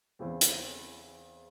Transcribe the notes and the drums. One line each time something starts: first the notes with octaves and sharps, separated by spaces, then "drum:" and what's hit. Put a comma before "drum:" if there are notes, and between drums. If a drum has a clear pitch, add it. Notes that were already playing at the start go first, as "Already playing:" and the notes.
E2 C#3 E3 C4
drum: hi-hat